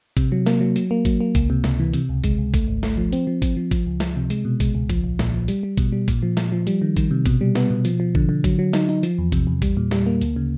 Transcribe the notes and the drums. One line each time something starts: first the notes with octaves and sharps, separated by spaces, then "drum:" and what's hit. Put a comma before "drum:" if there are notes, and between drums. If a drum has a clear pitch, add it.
C3, drum: kick, hi-hat
F#3
A#3, drum: snare
F#3
F#3, drum: hi-hat
A#3
F#3, drum: kick, hi-hat
A#3
C#2, drum: kick, hi-hat
C3
C#2, drum: snare
E3
C3, drum: hi-hat
C#2
G#3, drum: kick, hi-hat
C#2
A3, drum: kick, hi-hat
G#1
A3, drum: snare
F3
C4, drum: hi-hat
F3
C4, drum: kick, hi-hat
F3
F3, drum: kick, hi-hat
C#2
F3, drum: snare
C3
G#3, drum: hi-hat
B2
G#3, drum: kick, hi-hat
C#2
F3, drum: kick, hi-hat
A#1
A#2, drum: snare
F3
G3, drum: hi-hat
G3
B2, drum: kick, hi-hat
G3
A#2, drum: kick, hi-hat
F3
A#2, drum: snare
F3
G3, drum: hi-hat
D#3
D#3, drum: kick, hi-hat
C3
B2, drum: kick, hi-hat
G3
B3, drum: snare
B2
F3, drum: hi-hat
F3
D3, drum: kick
D3
F#3, drum: kick, hi-hat
F#3
D#4, drum: snare
D#4
F3, drum: hi-hat
E2
C3, drum: kick, hi-hat
E2
G3, drum: kick, hi-hat
A#2
G3, drum: snare
A#3
D2, drum: hi-hat
C#3